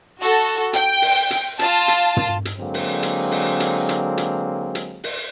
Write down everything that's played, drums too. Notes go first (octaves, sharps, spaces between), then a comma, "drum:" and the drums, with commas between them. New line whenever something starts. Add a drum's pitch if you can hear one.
F#4 A4
G5, drum: hi-hat
drum: open hi-hat
drum: hi-hat
F4 A5, drum: hi-hat
drum: hi-hat
drum: tom
drum: hi-hat
D3 F#3 G#3 A#3 C4
drum: open hi-hat
drum: hi-hat
drum: open hi-hat
drum: hi-hat
drum: hi-hat
drum: hi-hat
drum: hi-hat
drum: open hi-hat